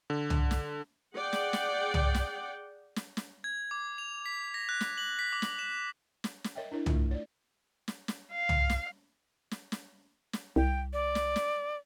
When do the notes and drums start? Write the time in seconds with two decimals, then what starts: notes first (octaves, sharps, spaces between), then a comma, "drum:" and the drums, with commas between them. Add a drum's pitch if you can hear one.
0.10 D3
0.30 drum: tom C2
0.51 drum: snare
1.16 G#4 D5 F#5 G5
1.33 drum: snare
1.53 drum: snare
1.94 drum: tom C2
2.14 drum: snare
2.96 drum: snare
3.17 drum: snare
3.44 G#6
3.71 D6
3.98 F7
4.26 B6
4.54 A#6
4.69 F#6
4.81 drum: snare
4.98 F#7
5.19 B6
5.33 D6
5.42 drum: snare
5.59 E7
6.24 drum: snare
6.44 drum: snare
6.55 A#4 C#5 D#5 E5 G5
6.72 D4 E4 A#4 C#5
6.86 A3 F4, drum: tom C2
7.11 C#5 D5
7.88 drum: snare
8.08 drum: snare
8.33 F5
8.49 drum: tom C2
8.70 drum: snare
9.51 drum: snare
9.72 drum: snare
10.33 drum: snare
10.56 C2 G5
10.93 D5
11.15 drum: snare
11.36 drum: snare